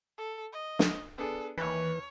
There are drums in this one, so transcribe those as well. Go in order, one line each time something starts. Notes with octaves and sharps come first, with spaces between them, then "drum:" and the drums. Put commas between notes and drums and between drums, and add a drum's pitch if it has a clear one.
A4
D#5
drum: snare
B3 D4 G#4 A4
D#2 E3 B4 C#5